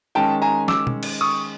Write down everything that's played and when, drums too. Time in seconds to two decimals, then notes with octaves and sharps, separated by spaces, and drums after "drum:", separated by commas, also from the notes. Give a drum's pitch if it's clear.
0.15 D#3 G#3 C#4 G5 A5
0.42 G#5 A#5
0.68 D6 E6, drum: snare
0.87 drum: tom B2
1.03 drum: cymbal
1.21 C#6 D#6